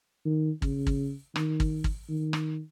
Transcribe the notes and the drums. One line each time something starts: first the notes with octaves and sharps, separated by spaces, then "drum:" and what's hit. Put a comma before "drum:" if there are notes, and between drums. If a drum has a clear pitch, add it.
D#3
C#3, drum: kick G#1
drum: kick G#1
D#3, drum: rim click
drum: kick G#1
drum: kick G#1
D#3
drum: rim click